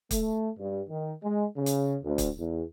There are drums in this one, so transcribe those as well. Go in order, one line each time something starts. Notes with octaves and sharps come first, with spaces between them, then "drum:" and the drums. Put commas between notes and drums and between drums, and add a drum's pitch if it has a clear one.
A3, drum: kick, hi-hat
G2
D#3
G#3
C#3
drum: hi-hat
D2
drum: kick, hi-hat
E2